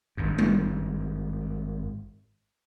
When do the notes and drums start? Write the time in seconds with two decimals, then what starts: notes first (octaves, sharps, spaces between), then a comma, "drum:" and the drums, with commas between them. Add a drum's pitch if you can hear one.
0.17 G#1 G2
0.38 drum: tom G3